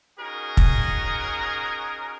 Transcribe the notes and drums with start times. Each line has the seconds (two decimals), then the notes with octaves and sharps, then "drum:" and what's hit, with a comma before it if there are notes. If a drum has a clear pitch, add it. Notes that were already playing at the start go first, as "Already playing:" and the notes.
0.19 C#4 D#4 F#4 G#4 A#4
0.57 drum: kick